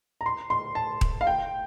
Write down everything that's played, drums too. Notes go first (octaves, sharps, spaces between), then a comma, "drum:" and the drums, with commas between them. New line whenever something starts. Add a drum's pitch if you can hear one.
A#5
C6
C6
A5
drum: kick D#1
F5
G5